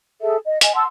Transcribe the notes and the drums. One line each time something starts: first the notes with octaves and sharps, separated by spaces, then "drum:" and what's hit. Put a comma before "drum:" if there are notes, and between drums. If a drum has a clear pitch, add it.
G#4 A4 E5
D#5
D#5 G#5, drum: hi-hat
F#5 A5 C6 E6